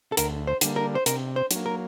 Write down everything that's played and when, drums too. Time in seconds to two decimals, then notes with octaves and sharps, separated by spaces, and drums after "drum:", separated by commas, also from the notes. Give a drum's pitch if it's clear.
0.12 A4
0.17 D2 A#4, drum: hi-hat
0.47 C5
0.61 D3 G3 A#3, drum: hi-hat
0.76 A#4
0.95 C5
1.06 C3 A#4, drum: hi-hat
1.36 C5
1.51 F#3, drum: hi-hat
1.56 A#3
1.66 A#4